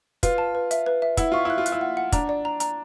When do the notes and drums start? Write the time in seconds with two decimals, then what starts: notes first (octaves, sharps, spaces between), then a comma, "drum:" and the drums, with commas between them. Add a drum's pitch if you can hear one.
0.23 F4 B4, drum: kick, hi-hat
0.38 A5
0.55 B4
0.71 E5, drum: hi-hat
0.86 B4
1.02 E5
1.17 E4 F#5, drum: kick, hi-hat
1.32 F4 C#6
1.45 E4 F#6
1.58 F4
1.66 F#6, drum: hi-hat
1.72 E4
1.81 F#5
1.97 F#5
2.12 D4 A#5, drum: kick, hi-hat
2.29 D5
2.45 A#5
2.60 A#5, drum: hi-hat